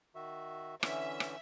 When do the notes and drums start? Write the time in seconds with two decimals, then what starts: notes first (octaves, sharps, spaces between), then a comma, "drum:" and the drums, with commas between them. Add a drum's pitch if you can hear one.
0.15 D#3 F#4 E5
0.83 D3 E3 C#4 E5, drum: rim click
1.20 drum: rim click